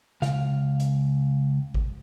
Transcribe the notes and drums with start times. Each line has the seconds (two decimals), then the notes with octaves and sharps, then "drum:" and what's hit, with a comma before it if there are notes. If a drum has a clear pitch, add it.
0.22 C#2 F5, drum: snare
0.80 drum: hi-hat
1.74 drum: kick G#1